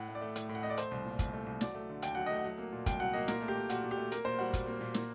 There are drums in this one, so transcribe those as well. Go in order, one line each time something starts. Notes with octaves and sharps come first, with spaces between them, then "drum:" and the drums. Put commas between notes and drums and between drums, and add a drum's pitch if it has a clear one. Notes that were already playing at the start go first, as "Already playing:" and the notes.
Already playing: A2 F#5
A3
D5
A3
A2, drum: hi-hat
A2
F#5
A3 D#5
D5
A3 C5, drum: hi-hat
C2
A#2
C2, drum: kick, hi-hat
A3
C2
F#3 D5, drum: snare
A3
D3
D#2 G5, drum: hi-hat
F#3 F#5
A3 D#5
F#5
F#3
A#3
A#2
C2 G5, drum: kick, hi-hat
F#3 F#5
A#3 D#5
A#2 A#4, drum: snare
A3
G4
A3
A#2 F#4, drum: hi-hat
A#2
G4
A3
A#3 A#4, drum: hi-hat
A#2 C5
G3 F#4
A#2, drum: kick, hi-hat
A#3
A#2
A#3, drum: snare